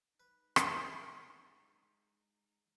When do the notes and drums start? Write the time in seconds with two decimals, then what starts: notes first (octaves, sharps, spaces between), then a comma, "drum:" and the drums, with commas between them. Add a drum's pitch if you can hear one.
0.20 G#3 D#4 B4
0.56 drum: rim click